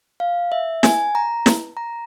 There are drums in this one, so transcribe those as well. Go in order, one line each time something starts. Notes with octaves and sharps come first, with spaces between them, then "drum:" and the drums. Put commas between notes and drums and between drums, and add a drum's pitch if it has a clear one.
F5
E5
G#5, drum: snare
A#5
drum: snare
A#5